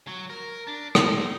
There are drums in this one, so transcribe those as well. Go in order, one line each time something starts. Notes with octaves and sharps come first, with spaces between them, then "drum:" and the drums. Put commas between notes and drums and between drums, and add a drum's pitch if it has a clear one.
F#3
A#4
D4
D#4, drum: rim click